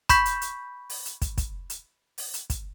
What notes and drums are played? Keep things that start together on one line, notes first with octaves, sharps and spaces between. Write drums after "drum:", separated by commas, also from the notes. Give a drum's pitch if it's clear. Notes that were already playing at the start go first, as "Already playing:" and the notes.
B5 C#6 G6 B6, drum: kick, hi-hat
drum: hi-hat
drum: hi-hat
drum: open hi-hat
drum: hi-hat
drum: kick, hi-hat
drum: kick, hi-hat
drum: hi-hat
drum: open hi-hat
drum: hi-hat
drum: kick, hi-hat